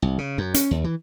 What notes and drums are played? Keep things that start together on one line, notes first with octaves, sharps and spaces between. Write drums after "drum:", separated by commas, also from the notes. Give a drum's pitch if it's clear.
C2
C#3
F#2
C#4, drum: hi-hat
D#2
E3